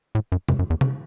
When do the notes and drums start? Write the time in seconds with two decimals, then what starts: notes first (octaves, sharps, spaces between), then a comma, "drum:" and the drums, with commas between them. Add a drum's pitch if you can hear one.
0.15 A2
0.32 F#2
0.49 F#2, drum: tom
0.59 F#2
0.70 E2
0.81 drum: tom